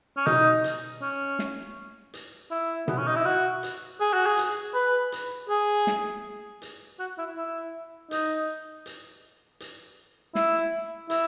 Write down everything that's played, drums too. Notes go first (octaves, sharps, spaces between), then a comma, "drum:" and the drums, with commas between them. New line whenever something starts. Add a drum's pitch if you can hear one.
C#4
D#4, drum: tom B2
drum: hi-hat
C#4
drum: snare
drum: hi-hat
E4
B3, drum: tom B2
C#4
D#4
E4
F#4
drum: hi-hat
G#4
F#4
G#4
drum: hi-hat
B4
drum: hi-hat
G#4
drum: snare
drum: hi-hat
F#4
E4
E4
D#4, drum: hi-hat
drum: hi-hat
drum: hi-hat
E4, drum: snare
E4, drum: hi-hat